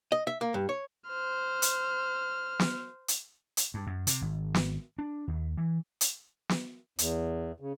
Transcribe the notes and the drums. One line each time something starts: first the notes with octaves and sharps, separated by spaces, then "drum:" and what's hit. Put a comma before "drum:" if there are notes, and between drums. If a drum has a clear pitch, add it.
D#5
E5
A#3
G2
C#5
C5 F6
drum: hi-hat
drum: snare
drum: hi-hat
drum: hi-hat
G2
F#2
C3, drum: hi-hat
G#1
drum: snare
D4
D#2
E3
drum: hi-hat
drum: snare
E2, drum: hi-hat
C#3